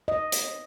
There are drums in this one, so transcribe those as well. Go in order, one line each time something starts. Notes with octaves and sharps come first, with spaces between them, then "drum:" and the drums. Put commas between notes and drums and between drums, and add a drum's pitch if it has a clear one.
D#5
drum: hi-hat